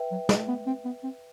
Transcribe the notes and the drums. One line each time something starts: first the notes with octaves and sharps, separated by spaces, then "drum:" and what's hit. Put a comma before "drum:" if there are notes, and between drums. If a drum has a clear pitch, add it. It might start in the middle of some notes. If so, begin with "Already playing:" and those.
Already playing: B4 E5 G5
F#3
G3, drum: snare
B3
C4
B3
C4